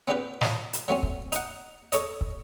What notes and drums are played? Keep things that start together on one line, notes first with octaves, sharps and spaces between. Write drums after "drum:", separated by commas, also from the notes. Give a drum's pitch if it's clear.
B3 C4 D4 F4 G4 B4
F3 D#4, drum: snare
drum: hi-hat
F#3 A3 C4 C#4
drum: kick
D#4 F#5, drum: hi-hat
A4 C#5 D#5, drum: hi-hat
drum: kick